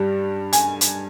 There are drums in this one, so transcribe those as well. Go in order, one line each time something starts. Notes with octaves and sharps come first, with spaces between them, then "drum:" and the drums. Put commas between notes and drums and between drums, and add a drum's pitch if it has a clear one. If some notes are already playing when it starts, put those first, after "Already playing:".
Already playing: G2 G3
G#5, drum: hi-hat
drum: hi-hat